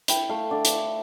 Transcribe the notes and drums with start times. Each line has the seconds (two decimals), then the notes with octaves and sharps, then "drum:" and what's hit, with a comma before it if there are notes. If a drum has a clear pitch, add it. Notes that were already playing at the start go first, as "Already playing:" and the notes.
0.08 E4 G5, drum: hi-hat
0.30 A3 F5
0.51 D3 D5
0.65 drum: hi-hat